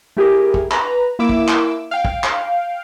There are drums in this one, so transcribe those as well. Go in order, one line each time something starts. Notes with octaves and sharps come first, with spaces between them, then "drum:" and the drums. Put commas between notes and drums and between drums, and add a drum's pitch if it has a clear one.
A3 E4 G4 G#4 A#4
drum: kick
B4 A#5, drum: clap
A#3 E4 D6 E6
drum: kick
drum: clap
F5 G5
drum: kick
drum: clap